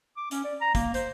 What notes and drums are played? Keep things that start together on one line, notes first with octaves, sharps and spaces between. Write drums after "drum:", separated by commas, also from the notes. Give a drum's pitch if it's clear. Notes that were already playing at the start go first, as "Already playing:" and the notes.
D6
C#4, drum: hi-hat
D5
A#5
A#3, drum: kick, hi-hat
C5, drum: hi-hat